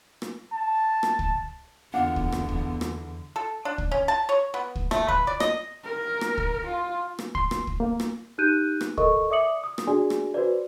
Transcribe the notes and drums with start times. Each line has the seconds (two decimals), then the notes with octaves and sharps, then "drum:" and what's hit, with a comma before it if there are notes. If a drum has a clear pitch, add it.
0.22 drum: rim click
0.53 A5
1.03 drum: rim click
1.19 drum: kick
1.94 E2 D3 B3 D4 F4 F#5
2.16 drum: kick
2.32 drum: rim click
2.49 drum: kick
2.81 drum: rim click
3.36 A4
3.65 D4
3.78 drum: kick
3.91 C#4
4.08 A5
4.29 C#5
4.54 B3
4.75 drum: kick
4.91 A3, drum: rim click
5.08 B4, drum: kick
5.27 D5
5.40 D#5, drum: rim click
5.84 A#4
6.21 drum: rim click
6.38 drum: kick
6.68 F4
7.19 drum: rim click
7.35 C6, drum: kick
7.51 drum: rim click
7.67 drum: kick
7.80 A#3
8.00 drum: rim click
8.38 D#4 G4 F#6 G6 D#7
8.81 drum: rim click
8.98 A4 A#4 D#5 C#6, drum: kick
9.30 D5 E5 D6 D#6 C#7 F#7
9.64 D#6
9.78 drum: rim click
9.87 D4 F#4 G#4 D5 G#5
10.10 drum: rim click
10.34 F#4 B4 C5 D5